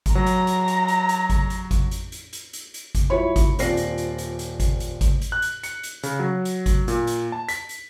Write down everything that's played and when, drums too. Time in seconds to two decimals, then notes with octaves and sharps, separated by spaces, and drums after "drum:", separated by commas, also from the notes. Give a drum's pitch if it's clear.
0.06 drum: kick G#1, hi-hat
0.15 F#3 A#5
0.26 drum: hi-hat
0.47 drum: hi-hat
0.68 drum: hi-hat
0.88 drum: hi-hat
1.09 drum: hi-hat
1.30 drum: kick G#1, hi-hat
1.50 drum: hi-hat
1.71 drum: kick G#1, hi-hat
1.91 drum: hi-hat
2.12 drum: hi-hat
2.33 drum: hi-hat
2.53 drum: hi-hat
2.74 drum: hi-hat
2.95 drum: kick G#1, hi-hat
3.10 F3 F#3 E4 C#5 B5
3.36 drum: kick G#1, hi-hat
3.59 D#1 C4 F4 D5 A#6 C7, drum: hi-hat
3.77 drum: hi-hat
3.98 drum: hi-hat
4.18 drum: hi-hat
4.39 drum: hi-hat
4.60 drum: kick G#1, hi-hat
4.80 drum: hi-hat
5.01 drum: kick G#1, hi-hat
5.22 drum: hi-hat
5.32 F#6
5.42 drum: hi-hat
5.63 C#7, drum: hi-hat
5.83 drum: hi-hat
6.03 C#3, drum: hi-hat
6.19 F#3
6.45 drum: hi-hat
6.66 drum: kick G#1, hi-hat
6.88 A#2, drum: hi-hat
7.07 drum: hi-hat
7.32 A5
7.49 B6, drum: hi-hat
7.69 drum: hi-hat